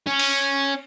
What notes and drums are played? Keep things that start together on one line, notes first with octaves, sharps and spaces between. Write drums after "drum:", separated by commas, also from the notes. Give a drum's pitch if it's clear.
C#4
drum: cymbal